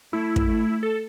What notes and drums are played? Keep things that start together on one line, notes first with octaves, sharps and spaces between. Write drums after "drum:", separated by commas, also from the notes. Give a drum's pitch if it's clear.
A3 E4
drum: kick
A3
A4